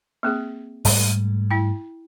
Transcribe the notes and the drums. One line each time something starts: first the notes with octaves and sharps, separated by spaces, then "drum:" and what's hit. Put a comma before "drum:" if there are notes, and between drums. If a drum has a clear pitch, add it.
A#3 C4 G#4
G#2 G3 A3, drum: open hi-hat
E4 G5